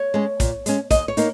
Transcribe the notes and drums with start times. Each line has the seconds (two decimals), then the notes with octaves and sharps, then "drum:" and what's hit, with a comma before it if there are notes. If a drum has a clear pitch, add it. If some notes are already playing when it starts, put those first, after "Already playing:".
Already playing: C#5
0.14 G#3 C#4
0.40 A#2, drum: kick, hi-hat
0.66 G#3 C#4, drum: hi-hat
0.91 D#2 D#5, drum: kick, hi-hat
1.08 C#5
1.17 A#3 D#4, drum: hi-hat